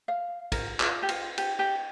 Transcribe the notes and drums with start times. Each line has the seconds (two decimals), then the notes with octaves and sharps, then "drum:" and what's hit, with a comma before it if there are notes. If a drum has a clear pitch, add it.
0.08 F5
0.52 A#4, drum: kick, cymbal
0.80 F4, drum: clap
1.03 G4
1.09 F4, drum: cymbal
1.38 G4, drum: cymbal
1.59 G4